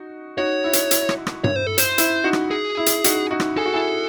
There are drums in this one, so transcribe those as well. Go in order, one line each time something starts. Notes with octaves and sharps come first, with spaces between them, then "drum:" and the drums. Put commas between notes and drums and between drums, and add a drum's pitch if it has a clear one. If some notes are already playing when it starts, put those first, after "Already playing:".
Already playing: D#4 F#4
D#4 F#4 C#5
E4
drum: hi-hat
E4, drum: hi-hat
drum: rim click
drum: rim click
C#5, drum: tom G2
C5
A4
C5, drum: hi-hat
E4, drum: hi-hat
D#4 F#4
drum: rim click
G#4
E4
drum: hi-hat
D#4 F#4, drum: hi-hat
D#4 F#4
drum: rim click
G#4 A4
F#4
E4 G#4